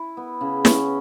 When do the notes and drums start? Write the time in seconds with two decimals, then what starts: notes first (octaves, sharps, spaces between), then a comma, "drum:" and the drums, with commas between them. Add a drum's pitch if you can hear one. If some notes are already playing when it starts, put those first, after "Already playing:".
Already playing: E4
0.17 B3
0.41 C#3
0.65 C#4, drum: snare